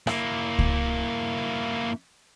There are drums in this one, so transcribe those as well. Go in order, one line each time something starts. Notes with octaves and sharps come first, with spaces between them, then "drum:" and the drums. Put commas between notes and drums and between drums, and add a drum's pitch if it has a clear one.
A#3 E4, drum: rim click
drum: kick C#2